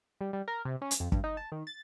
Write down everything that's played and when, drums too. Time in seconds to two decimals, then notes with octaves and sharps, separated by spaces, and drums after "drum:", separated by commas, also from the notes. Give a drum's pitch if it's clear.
0.21 G3
0.33 G3
0.48 A#4
0.65 C3
0.82 C#4
0.91 drum: hi-hat
1.00 F2
1.12 G2, drum: kick
1.24 D#4
1.37 A5
1.52 D#3
1.67 A6